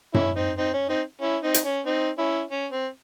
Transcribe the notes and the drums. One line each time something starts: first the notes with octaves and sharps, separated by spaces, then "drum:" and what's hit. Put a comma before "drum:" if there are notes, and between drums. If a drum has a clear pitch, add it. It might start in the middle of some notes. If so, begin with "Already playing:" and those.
C#4 E4, drum: tom F#2
C4 D#4
C4 D#4
C#4
C4 D#4
C#4 E4
C4 D#4
drum: hi-hat
C#4
C4 D#4
C#4 E4
C#4
C4